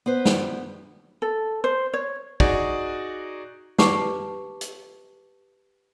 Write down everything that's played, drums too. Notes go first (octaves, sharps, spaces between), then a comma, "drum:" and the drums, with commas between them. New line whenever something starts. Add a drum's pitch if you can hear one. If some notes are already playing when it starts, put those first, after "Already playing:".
B3 B4 C5
drum: snare
A4
C5
C#5
D#4 F#4 G#4 D5, drum: kick
G4 B4 A5 C#6 D6, drum: snare
drum: hi-hat